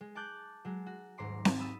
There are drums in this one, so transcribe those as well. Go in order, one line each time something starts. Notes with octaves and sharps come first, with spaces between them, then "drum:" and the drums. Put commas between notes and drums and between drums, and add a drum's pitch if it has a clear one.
G#3
A5 D6 F#6 G6 A6
F#3 G#3
F#4
D#1 G#2 A#5 C6 D6
drum: snare C4
B5 D#6 E6 A6